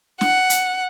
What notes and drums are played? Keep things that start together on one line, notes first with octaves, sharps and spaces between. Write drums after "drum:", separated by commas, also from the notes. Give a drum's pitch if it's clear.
F#5, drum: snare
drum: hi-hat